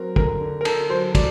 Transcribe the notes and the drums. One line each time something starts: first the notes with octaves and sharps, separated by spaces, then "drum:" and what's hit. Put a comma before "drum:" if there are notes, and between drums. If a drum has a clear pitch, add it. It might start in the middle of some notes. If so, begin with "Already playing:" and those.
Already playing: F#3 C4 A#4
D3 A#4, drum: kick
D3
A#4
D3 A4, drum: cymbal
F#3 C5
F#3 D5, drum: kick, cymbal